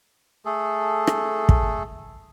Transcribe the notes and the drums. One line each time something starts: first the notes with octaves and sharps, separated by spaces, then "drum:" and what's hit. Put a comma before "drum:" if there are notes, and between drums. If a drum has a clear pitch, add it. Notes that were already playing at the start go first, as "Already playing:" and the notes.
A3 G#4 A4
drum: rim click
drum: kick